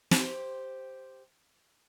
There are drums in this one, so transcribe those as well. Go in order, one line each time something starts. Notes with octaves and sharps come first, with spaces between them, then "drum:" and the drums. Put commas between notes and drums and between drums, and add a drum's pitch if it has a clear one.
G4 C5, drum: snare